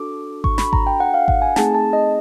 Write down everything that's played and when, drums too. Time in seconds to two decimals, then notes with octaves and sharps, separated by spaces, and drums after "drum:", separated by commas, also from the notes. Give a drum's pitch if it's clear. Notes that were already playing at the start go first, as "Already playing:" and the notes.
Already playing: D4 F#4 A4 D6
0.44 C#6, drum: kick G#1
0.58 B5, drum: snare
0.73 A#5, drum: kick G#1
0.87 G5
1.00 F#5
1.14 F5
1.28 F#5, drum: kick G#1
1.42 G#5
1.56 A3 C4 D#4 G#4 A5, drum: snare
1.75 A5
1.93 D#5